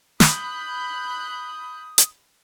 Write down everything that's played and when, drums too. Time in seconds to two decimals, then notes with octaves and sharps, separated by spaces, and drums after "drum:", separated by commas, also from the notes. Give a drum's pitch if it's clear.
0.20 B5 D#6 F#6 G6, drum: snare
1.98 drum: hi-hat